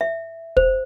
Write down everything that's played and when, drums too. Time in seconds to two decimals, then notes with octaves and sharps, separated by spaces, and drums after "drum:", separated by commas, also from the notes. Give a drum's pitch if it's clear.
0.01 E5
0.57 C5, drum: kick